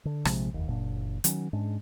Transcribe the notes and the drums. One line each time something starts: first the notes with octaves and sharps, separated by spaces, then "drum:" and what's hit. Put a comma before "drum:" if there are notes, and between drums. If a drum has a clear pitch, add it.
D3
A#1 C3 F3 G#3, drum: rim click
F1 D#2
F#1 A#2 D4
D#3 F#3 C#4, drum: hi-hat
G#2 G#3 C#4 D4